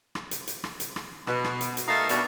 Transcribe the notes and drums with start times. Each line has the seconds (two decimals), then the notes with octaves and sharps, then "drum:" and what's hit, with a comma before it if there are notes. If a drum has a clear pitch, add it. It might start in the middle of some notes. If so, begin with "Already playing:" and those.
0.15 drum: rim click
0.31 drum: hi-hat
0.47 drum: hi-hat
0.64 drum: rim click
0.80 drum: hi-hat
0.96 drum: rim click
1.27 B2, drum: rim click
1.44 drum: rim click
1.61 drum: hi-hat
1.77 drum: hi-hat
1.88 G3 A3 D#4 A#4 F5
2.09 B2 G3 D4 F#4 A#4 E5, drum: hi-hat